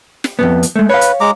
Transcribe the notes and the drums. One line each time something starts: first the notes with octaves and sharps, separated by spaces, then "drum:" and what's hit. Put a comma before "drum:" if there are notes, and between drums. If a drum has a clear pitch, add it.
drum: snare
F2 G#2 B3
drum: hi-hat
G#3 A3
B4 C#5 F5
drum: hi-hat
G#3 A#5 D6